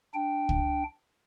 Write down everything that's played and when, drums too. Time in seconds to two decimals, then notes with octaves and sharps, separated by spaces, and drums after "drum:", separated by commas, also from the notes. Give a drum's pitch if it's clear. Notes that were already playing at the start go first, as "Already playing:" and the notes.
0.14 D4 G5
0.49 drum: kick